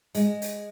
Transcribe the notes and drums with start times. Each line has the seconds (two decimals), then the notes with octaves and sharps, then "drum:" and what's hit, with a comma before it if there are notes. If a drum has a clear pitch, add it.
0.15 G#3, drum: hi-hat
0.42 drum: hi-hat